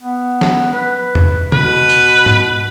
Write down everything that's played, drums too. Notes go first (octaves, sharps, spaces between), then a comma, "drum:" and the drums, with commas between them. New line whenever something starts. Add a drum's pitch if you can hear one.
B3
drum: snare F#3
B4
drum: tom E2
B2 B4, drum: tom C3
drum: tambourine
drum: tom G#2